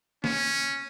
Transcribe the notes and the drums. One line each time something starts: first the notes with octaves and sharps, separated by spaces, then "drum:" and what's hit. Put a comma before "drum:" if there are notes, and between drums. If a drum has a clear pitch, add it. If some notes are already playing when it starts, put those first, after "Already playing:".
C#4, drum: snare